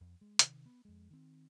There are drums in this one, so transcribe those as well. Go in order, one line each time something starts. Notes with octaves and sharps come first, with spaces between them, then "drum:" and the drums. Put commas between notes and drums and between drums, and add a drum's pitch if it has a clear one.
F2
G#3
C3 D#3, drum: hi-hat
B3
F2 G#3
D#3 C4